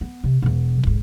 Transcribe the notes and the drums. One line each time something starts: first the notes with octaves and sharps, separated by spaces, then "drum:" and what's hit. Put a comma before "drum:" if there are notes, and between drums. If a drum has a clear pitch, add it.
B3
C3
E1 B2
B1 G#2, drum: kick